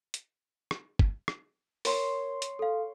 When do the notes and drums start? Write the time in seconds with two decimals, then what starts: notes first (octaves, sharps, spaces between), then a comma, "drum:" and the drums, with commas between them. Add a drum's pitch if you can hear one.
0.14 drum: hi-hat
0.71 drum: rim click
0.99 drum: kick
1.28 drum: rim click
1.85 A#4 C#5 C6, drum: open hi-hat
2.42 drum: hi-hat
2.59 A4 F5